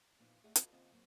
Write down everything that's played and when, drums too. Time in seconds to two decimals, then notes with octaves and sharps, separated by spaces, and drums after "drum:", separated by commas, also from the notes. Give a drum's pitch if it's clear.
0.19 A#2 F3 B3 D#4
0.44 A3 G#4 D5 D#5 F#5
0.56 F4 F#4 A4 B4 D#5, drum: hi-hat
0.72 D#2 C#3 C4 F4 D#5 F#5
0.92 F#3 A#3 C4